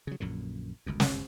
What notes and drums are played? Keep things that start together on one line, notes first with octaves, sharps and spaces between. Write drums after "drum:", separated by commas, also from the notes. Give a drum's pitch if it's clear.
C#3 F#3
A#1 F#2 A#2 D3
G1 C#2 F#2
drum: snare